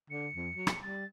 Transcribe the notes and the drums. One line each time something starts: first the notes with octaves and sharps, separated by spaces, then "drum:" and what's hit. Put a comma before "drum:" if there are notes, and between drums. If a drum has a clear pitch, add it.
D3 C#7
F2
F#3
drum: rim click
G3 A6